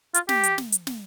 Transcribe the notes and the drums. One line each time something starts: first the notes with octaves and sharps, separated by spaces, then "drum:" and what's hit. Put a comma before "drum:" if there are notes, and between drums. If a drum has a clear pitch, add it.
F4, drum: hi-hat
G4, drum: snare
drum: hi-hat
drum: snare
drum: hi-hat
drum: snare